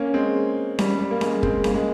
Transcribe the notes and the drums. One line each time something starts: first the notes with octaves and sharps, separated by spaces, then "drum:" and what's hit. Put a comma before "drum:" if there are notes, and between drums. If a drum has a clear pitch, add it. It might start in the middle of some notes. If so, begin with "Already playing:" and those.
Already playing: A#3 C#4
G#3 C4
G3, drum: snare C#4
G3
A#3
G#3, drum: snare C#4
G#3 C4, drum: kick
A#3, drum: snare C#4
G#3